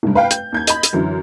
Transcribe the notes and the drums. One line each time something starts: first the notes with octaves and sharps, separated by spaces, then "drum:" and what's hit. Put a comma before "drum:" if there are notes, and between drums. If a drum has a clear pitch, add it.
F1 G2
B4 F5 G5
G6, drum: hi-hat
D#2 G6 G#6
D#5 B5, drum: hi-hat
drum: hi-hat
F#2 D3 E3